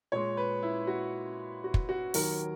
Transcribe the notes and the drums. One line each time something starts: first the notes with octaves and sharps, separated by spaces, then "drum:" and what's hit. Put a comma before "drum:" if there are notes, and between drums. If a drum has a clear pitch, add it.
A#2 G#3 C#5
B4
E4
F#4
F#4
drum: kick
F#4
D#2 D#3 F#3 A#4, drum: open hi-hat